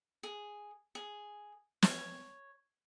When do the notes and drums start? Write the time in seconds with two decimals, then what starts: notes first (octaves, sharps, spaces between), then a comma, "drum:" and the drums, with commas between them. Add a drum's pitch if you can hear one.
0.23 G#4
0.95 G#4
1.82 C#5, drum: snare